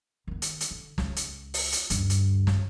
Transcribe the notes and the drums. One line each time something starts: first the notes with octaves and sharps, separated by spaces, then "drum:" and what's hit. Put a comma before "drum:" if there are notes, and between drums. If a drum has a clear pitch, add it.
D#3 B3
drum: hi-hat
drum: hi-hat
D3
C#2, drum: snare
drum: hi-hat
drum: open hi-hat
drum: hi-hat
D2 G2, drum: hi-hat
drum: hi-hat
drum: snare